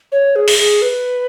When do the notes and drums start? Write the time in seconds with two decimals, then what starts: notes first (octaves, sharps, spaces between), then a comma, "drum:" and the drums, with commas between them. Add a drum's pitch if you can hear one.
0.12 C#5
0.36 G#4
0.48 drum: open hi-hat
0.58 G#4
0.82 B4